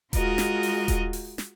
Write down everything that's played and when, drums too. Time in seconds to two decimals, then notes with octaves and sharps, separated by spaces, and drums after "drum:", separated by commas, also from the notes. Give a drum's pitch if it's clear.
0.13 G#3 F4 F#4 A#4 D#5, drum: kick D#1, hi-hat
0.38 drum: snare
0.63 drum: open hi-hat
0.88 drum: kick D#1, hi-hat
1.13 drum: open hi-hat
1.38 drum: snare